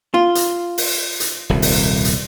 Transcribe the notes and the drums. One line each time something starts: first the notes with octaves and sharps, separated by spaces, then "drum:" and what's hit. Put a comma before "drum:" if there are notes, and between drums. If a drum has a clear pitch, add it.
F4
drum: hi-hat
drum: open hi-hat
drum: hi-hat
D#1 C2
drum: open hi-hat
drum: hi-hat